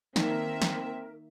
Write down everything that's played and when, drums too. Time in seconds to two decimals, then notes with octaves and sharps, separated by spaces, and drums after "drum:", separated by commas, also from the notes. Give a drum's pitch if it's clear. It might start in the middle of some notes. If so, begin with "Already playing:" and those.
0.16 D#3 A#3 C4 D#4 A#4 D5 E5, drum: snare
0.62 drum: snare